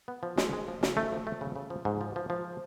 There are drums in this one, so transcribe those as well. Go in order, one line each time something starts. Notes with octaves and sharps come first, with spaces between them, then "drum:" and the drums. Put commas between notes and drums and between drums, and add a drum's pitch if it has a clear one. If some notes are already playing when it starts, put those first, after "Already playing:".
B3
F3
G#3, drum: snare
G#3
F3
C#3, drum: snare
A3
F3
A3
C#3
C#3
F3
G#2
F3
F3
F3